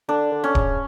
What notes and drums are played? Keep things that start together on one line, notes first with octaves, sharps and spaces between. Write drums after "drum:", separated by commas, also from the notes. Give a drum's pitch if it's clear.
D3 D4
D3
C#4
C#3, drum: kick D1